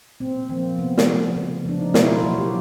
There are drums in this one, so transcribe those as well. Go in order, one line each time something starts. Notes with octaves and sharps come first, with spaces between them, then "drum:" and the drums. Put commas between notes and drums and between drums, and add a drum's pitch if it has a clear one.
A#2 C4
F3 A#3 C4
C3 B3
drum: snare
F3 A3
C#3
F3 G#3 D4
D#4
B2 E4, drum: snare
F4
F#3 A#3 F#4
G4